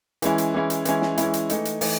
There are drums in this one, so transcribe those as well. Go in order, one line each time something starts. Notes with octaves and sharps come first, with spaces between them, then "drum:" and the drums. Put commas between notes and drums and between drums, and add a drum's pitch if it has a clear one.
E3 G#3 C#4 E4, drum: hi-hat
drum: hi-hat
E3 G#3 C#4 E4
drum: hi-hat
E3 G#3 C#4 E4, drum: hi-hat
drum: snare
E3 G#3 C#4 E4, drum: hi-hat
drum: hi-hat
E3 A3 D#4, drum: hi-hat
drum: hi-hat
E3 A3 D#4, drum: open hi-hat